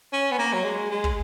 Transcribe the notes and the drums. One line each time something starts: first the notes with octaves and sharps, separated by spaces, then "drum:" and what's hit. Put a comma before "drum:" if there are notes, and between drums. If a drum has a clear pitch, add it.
C#4
B3
A#3
F#3
G#3
G#3
drum: kick